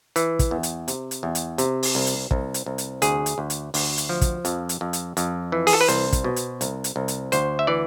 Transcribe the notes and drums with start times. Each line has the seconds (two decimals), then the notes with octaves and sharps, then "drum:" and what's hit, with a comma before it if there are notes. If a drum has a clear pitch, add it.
0.16 E3, drum: hi-hat
0.39 drum: kick, hi-hat
0.51 E2
0.63 drum: hi-hat
0.88 C3, drum: hi-hat
1.11 drum: hi-hat
1.23 E2
1.35 drum: hi-hat
1.58 C3, drum: hi-hat
1.83 drum: open hi-hat
1.95 C2
2.06 drum: hi-hat
2.31 C2, drum: kick
2.54 drum: hi-hat
2.66 C2
2.78 drum: hi-hat
3.02 D2 G#4, drum: hi-hat
3.26 drum: hi-hat
3.38 D2
3.50 drum: hi-hat
3.74 D2, drum: open hi-hat
3.98 drum: hi-hat
4.09 F3
4.21 drum: kick, hi-hat
4.45 F2, drum: hi-hat
4.69 drum: hi-hat
4.81 F2
4.93 drum: hi-hat
5.17 F2, drum: hi-hat
5.52 E3
5.67 G#4, drum: open hi-hat
5.73 A4
5.81 B4
5.88 C2 C5, drum: hi-hat
6.12 drum: kick, hi-hat
6.24 B2
6.36 drum: hi-hat
6.61 C2, drum: hi-hat
6.84 drum: hi-hat
6.96 C2
7.08 drum: hi-hat
7.32 D2 C5, drum: hi-hat
7.59 E5
7.67 E3 D5